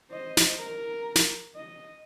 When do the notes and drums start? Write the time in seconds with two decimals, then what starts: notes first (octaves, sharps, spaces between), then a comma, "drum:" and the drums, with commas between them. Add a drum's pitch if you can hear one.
0.11 C5 D#5
0.37 drum: snare
0.59 A#4
1.15 drum: snare
1.56 D#5